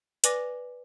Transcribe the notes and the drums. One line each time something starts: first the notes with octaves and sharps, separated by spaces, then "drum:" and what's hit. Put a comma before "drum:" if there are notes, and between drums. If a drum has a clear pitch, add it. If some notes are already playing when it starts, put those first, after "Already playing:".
B4 D5 G#5 D6 A#6, drum: hi-hat